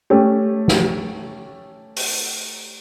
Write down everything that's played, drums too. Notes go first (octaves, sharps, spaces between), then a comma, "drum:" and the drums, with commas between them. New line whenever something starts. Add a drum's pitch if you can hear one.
A3 C#4 G4
drum: snare
drum: open hi-hat